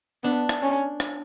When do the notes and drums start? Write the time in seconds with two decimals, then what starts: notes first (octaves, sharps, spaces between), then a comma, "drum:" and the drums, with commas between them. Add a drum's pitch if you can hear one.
0.23 B3 D4
0.49 drum: rim click
0.62 C#4
1.00 drum: rim click